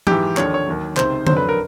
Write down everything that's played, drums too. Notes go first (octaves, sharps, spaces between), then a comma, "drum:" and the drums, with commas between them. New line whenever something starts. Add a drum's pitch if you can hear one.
G#2 E3 G4, drum: tom F3
D#2 D3 F3 C#5, drum: clap
C#5
D#2 D#3 F#3
C#2 C3 D#3 C5, drum: clap
F2 D3 F#3 C5, drum: tom D3
B4
A#4